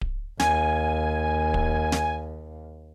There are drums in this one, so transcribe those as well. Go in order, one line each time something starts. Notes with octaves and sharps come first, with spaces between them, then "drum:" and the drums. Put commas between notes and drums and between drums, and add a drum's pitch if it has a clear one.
drum: kick D1
D#2 G#5, drum: snare
drum: kick D1
drum: snare